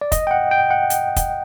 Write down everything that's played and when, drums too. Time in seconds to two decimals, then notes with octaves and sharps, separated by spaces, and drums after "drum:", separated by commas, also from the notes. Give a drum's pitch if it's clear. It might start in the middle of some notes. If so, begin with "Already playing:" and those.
0.01 D5
0.12 D#5, drum: kick, hi-hat
0.27 G5
0.31 F#5
0.51 G5
0.71 F#5
0.90 drum: hi-hat
1.16 drum: kick, hi-hat